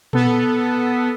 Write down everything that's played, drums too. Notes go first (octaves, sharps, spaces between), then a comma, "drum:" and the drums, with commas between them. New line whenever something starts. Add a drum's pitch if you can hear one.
B3 A4, drum: tom A#2